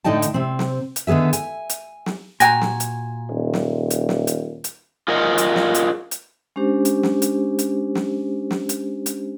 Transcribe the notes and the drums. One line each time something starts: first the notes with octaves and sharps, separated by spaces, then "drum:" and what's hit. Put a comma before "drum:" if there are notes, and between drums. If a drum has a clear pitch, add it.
A2 D3 D#4 D#5 G5 A5
drum: hi-hat
C3 C4
drum: snare
drum: hi-hat
D3 D#3 B3 G#4 E5
G#5, drum: hi-hat
drum: hi-hat
drum: snare
A#2 F#4 G5 G#5 A#5 F#6 A#6, drum: hi-hat
drum: snare
drum: hi-hat
D#1
drum: snare
drum: hi-hat
drum: snare
drum: hi-hat
drum: hi-hat
F4 G#4 A#4 D#5 F5 F#5
drum: hi-hat
drum: snare
drum: hi-hat
drum: hi-hat
G#3 C#4 D4 G4 C5
drum: hi-hat
drum: snare
drum: hi-hat
drum: hi-hat
drum: snare
drum: snare
drum: hi-hat
drum: hi-hat